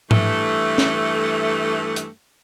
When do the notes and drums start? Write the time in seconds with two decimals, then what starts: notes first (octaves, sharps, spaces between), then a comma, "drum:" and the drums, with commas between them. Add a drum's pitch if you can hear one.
0.11 G2 E3 A3, drum: tom G#2
0.78 drum: snare
1.96 drum: hi-hat